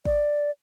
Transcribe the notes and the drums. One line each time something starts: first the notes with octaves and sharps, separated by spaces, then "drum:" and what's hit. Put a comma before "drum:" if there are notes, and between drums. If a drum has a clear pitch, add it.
D5, drum: kick